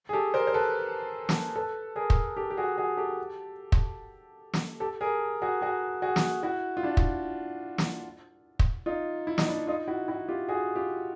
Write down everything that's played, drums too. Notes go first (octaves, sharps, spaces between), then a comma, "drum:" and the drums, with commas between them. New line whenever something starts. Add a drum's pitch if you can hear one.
G#4
G4 A4
A#4 C5
C5
A4 B4
drum: snare
A4 B4
G#4 A#4
drum: kick
G4 A4
G4
F#4 G#4
F#4 G#4
G4 A4
drum: kick
drum: snare
G4 A4
G#4 A#4
F#4 G#4
F#4 G#4
F#4 G#4
drum: snare
E4 F#4
F4
D4 E4
drum: kick
drum: snare
drum: kick
D#4 F4
E4
D#4, drum: snare
D4 E4
D#4 F4
E4 F#4
E4 F#4
F4 G4
F#4 G#4
F4 G4